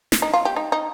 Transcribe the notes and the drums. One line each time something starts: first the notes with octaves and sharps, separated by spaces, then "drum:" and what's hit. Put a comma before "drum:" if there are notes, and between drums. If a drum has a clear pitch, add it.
drum: snare
D#4
F4
G4
D#4
D#4